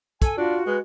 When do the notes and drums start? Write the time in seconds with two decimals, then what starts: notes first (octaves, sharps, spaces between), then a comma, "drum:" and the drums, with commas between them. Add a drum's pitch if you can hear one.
0.22 A4 G#5, drum: kick, hi-hat
0.38 D4 F4 F#4
0.67 G#3 B4